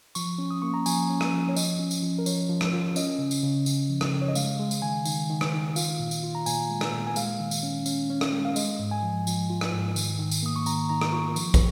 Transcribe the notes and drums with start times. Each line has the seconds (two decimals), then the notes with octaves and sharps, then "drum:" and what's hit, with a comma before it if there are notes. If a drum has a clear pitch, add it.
0.15 F3 C#6, drum: tambourine
0.38 C#4
0.51 D#6
0.62 A#3 C#6
0.74 A#5
0.86 F3 G#5, drum: tambourine
1.09 C#4
1.21 drum: rim click
1.33 F3
1.49 C#5
1.56 F3 D#5, drum: tambourine
1.79 C#4
1.91 drum: tambourine
2.02 F3
2.18 A#4
2.26 F3 C#5, drum: tambourine
2.50 F3
2.61 drum: rim click
2.73 F4
2.96 C#4 D#5, drum: tambourine
3.19 C#3
3.31 drum: tambourine
3.43 C#3
3.66 C#3, drum: tambourine
3.90 F3
4.01 drum: rim click
4.13 C#3
4.22 C#5
4.28 D#5
4.35 G#3 F5, drum: tambourine
4.59 G#3
4.71 drum: tambourine
4.82 D#3 G#5
5.05 D#3, drum: tambourine
5.30 D#3
5.41 drum: rim click
5.53 D#3
5.76 F4 F5, drum: tambourine
6.00 A#2
6.11 drum: tambourine
6.23 F4
6.35 A#5
6.46 A#2 G#5, drum: tambourine
6.69 G#3
6.81 drum: rim click
6.93 A#2
7.07 G#5
7.16 G#3 F5, drum: tambourine
7.40 D#3
7.51 drum: tambourine
7.63 C#4
7.86 C#4, drum: tambourine
8.10 C#4
8.21 drum: rim click
8.33 G#3
8.45 F5
8.56 G#3 D#5, drum: tambourine
8.80 G#2
8.91 G#5
9.03 F3
9.27 F3, drum: tambourine
9.50 F4
9.61 drum: rim click
9.73 G#2
9.96 D#3, drum: tambourine
10.19 D#3
10.31 drum: tambourine
10.43 A#3 D#6
10.56 C#6
10.66 D#3 A#5, drum: tambourine
10.89 D#3 A#5
11.01 drum: rim click
11.13 F4 C#6
11.36 F3, drum: tambourine
11.54 drum: kick, tambourine